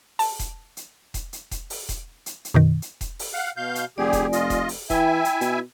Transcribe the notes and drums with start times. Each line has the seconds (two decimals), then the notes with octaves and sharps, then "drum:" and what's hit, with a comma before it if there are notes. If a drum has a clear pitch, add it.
0.19 A5, drum: open hi-hat
0.39 drum: kick E1, hi-hat
0.77 drum: hi-hat
1.14 drum: kick E1, hi-hat
1.33 drum: hi-hat
1.51 drum: kick E1, hi-hat
1.70 drum: open hi-hat
1.89 drum: kick E1, hi-hat
2.26 drum: hi-hat
2.45 drum: hi-hat
2.54 F#2 B2 D#3
2.82 drum: hi-hat
3.01 drum: kick E1, hi-hat
3.19 drum: open hi-hat
3.34 F5 F#5
3.57 B2 F5 G6
3.75 drum: hi-hat
3.98 F1 D3 G4 G#4 D5 G#5
4.13 drum: kick E1, hi-hat
4.33 F4 D#5, drum: hi-hat
4.50 drum: kick E1, hi-hat
4.69 drum: open hi-hat
4.90 E3 E4 E5 G5 G#5, drum: kick E1, hi-hat
5.25 drum: hi-hat
5.41 B2, drum: hi-hat